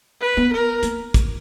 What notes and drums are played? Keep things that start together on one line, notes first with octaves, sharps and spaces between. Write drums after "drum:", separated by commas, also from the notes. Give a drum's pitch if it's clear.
B4
B3
A#4
A#3, drum: hi-hat
drum: kick, hi-hat